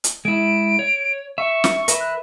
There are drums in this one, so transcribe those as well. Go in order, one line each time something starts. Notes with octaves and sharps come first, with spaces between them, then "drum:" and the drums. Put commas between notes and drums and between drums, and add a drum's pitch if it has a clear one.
drum: hi-hat
G#3 E4 D7
C#5
E5 C#6
drum: snare
A#4 B4 E5, drum: hi-hat
F#6